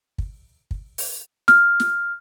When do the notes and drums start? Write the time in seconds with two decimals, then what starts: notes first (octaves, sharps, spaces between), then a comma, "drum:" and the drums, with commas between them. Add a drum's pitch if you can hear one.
0.18 drum: kick
0.71 drum: kick
0.98 drum: open hi-hat
1.48 F6, drum: snare
1.80 drum: snare